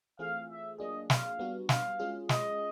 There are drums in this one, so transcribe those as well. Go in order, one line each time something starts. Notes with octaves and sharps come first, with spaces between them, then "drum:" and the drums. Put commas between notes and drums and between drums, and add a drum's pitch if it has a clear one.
E3 A3 C4 F4 G#4 F5
E5
F#3 A#3 D4 F4 G#4 D#5
F5, drum: snare
G3 B3 D4 F#4
F5, drum: snare
G#3 C#4 F4 G#4
D#5, drum: snare